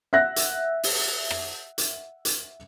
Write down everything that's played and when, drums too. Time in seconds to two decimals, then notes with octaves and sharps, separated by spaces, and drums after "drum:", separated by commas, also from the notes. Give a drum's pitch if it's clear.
0.13 E5 F#5 F#6 A#6
0.36 drum: hi-hat
0.83 drum: open hi-hat
1.31 drum: rim click
1.78 drum: hi-hat
2.25 drum: hi-hat